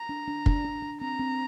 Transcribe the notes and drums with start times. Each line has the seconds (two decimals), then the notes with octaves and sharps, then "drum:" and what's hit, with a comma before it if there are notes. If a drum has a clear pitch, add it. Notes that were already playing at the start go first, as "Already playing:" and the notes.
Already playing: A#5
0.09 D4
0.28 D4
0.46 D4, drum: kick
0.65 D4
0.82 D4
1.01 C4 A#5
1.19 C4